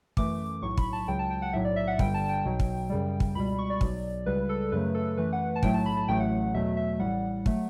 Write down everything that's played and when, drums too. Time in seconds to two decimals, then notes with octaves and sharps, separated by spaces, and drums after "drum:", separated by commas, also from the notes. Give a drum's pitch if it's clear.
0.17 F#2 E3 A3 D6, drum: kick
0.62 B1 A2 F#3 C#6
0.77 B5, drum: kick
0.93 A5
1.07 C#2 C#3 F#3 G5
1.19 A5
1.30 G5
1.42 F#5
1.53 B1 A2 F#3 E5
1.65 D5
1.76 E5
1.87 F#5
1.99 G1 G2 D3 G3 G5, drum: kick
2.14 A5
2.24 A5
2.29 G5
2.44 B1 B2 F#3
2.60 drum: kick
2.90 F#2 C#3 G3
3.20 drum: kick
3.35 C#2 B2 G3 B5
3.58 C#6
3.70 D5
3.81 B1 B2 F#3, drum: kick
4.26 C#2 C#3 G3 B4
4.49 A4
4.72 F#2 C#3 F#3 A3 B4
4.94 A4
5.18 F#2 E3 A3 B4
5.33 F#5
5.56 A5
5.63 B1 A2 F#3 A3 G5, drum: kick
5.74 A5
5.86 B5
5.97 A5
6.08 A1 A2 F#3 A3 G5
6.20 F#5
6.54 E2 B2 F#3 A3 E5
6.77 E5
6.99 A1 A2 G3 F#5
7.46 F#3 A3, drum: kick